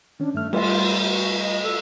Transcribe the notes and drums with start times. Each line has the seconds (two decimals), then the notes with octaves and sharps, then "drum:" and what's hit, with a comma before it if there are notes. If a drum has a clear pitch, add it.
0.20 D#3 C#4 D4
0.34 G2 A3 F6
0.53 G3 A3 F4, drum: cymbal
1.04 F#4
1.39 D#5
1.62 A4